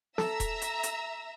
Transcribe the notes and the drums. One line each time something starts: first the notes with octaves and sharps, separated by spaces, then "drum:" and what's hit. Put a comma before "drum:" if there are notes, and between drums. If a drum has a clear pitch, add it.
A4 E5 A#5 E6, drum: snare
drum: kick D#1, hi-hat
drum: hi-hat
drum: hi-hat